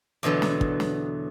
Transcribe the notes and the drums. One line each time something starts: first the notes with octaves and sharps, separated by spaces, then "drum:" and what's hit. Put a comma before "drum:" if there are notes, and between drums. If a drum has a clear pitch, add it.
E2 B2 D3 F#3
drum: snare
drum: kick
drum: snare